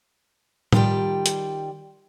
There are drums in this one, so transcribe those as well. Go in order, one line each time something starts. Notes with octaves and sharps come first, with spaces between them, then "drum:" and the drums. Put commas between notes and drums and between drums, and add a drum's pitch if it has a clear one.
D#3 G3 F4 G4 D5 G5, drum: tom A2
drum: hi-hat